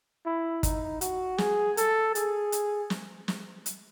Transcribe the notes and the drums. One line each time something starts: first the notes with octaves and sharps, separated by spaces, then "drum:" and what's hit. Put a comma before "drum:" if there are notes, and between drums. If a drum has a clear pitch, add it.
E4
D#4, drum: kick, hi-hat
F#4, drum: hi-hat
G#4, drum: snare
A4, drum: hi-hat
G#4, drum: hi-hat
drum: hi-hat
drum: snare
drum: snare
drum: hi-hat